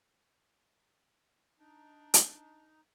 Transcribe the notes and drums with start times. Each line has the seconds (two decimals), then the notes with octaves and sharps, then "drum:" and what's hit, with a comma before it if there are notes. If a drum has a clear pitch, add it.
1.59 D4 D#4
2.14 drum: hi-hat